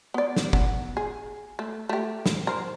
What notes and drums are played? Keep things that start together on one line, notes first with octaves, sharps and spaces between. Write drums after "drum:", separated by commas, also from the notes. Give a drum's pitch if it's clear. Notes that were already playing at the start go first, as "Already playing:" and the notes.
B3 D5
drum: snare
B3, drum: kick
G#4
A3
A3 G4
drum: snare
A#4 C5